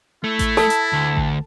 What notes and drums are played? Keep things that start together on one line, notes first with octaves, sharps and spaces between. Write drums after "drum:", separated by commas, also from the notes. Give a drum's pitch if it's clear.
A3 E4
drum: kick A1, hi-hat
A4 A5, drum: snare
drum: hi-hat
D2
drum: kick A1